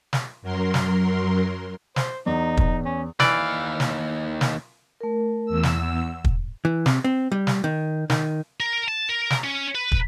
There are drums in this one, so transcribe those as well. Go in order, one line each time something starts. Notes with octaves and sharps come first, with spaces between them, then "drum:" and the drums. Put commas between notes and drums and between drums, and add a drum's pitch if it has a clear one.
drum: snare
F#2 F#3 A#4 C6
drum: snare
C5, drum: snare
E2 D#4
drum: kick
C#4
D#2 E3 D5 F5, drum: snare
drum: snare
drum: snare
A3 A#4
E2 E6
drum: snare
F#5
drum: kick
E3
C3, drum: snare
C4
G3
drum: snare
D#3
D#3, drum: snare
A#4
A5
A#4
drum: snare
C#4
B4
drum: kick